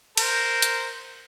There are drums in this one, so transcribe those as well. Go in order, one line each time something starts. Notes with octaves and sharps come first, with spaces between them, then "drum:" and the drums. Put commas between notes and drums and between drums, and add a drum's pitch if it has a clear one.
A#4 C5, drum: cymbal
drum: hi-hat